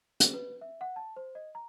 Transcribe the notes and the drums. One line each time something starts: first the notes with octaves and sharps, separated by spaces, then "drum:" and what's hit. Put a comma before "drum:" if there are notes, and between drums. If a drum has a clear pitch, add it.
G#4, drum: hi-hat
B4
E5
F#5
A5
C5
D#5
A#5